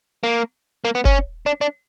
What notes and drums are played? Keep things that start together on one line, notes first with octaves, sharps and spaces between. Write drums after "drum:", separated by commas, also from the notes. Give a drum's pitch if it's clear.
A#3
A#3
B3
C#4, drum: kick F#1
D4
D4